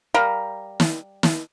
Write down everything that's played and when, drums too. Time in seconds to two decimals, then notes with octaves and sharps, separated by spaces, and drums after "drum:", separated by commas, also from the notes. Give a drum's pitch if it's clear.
0.14 G3 A#4 F5 A#5
0.80 drum: snare
1.23 drum: snare